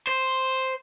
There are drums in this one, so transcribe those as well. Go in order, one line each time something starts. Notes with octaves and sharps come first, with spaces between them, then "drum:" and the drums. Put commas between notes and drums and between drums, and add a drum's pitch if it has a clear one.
C5, drum: open hi-hat